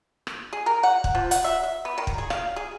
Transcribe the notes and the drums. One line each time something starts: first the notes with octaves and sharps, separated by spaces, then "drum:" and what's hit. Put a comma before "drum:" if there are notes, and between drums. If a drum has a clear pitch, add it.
drum: rim click
G#4
A#4
F#5
drum: kick
F3
F#5, drum: hi-hat
E5
E5
B3
D#3
drum: kick
G#4
F5, drum: rim click
G#4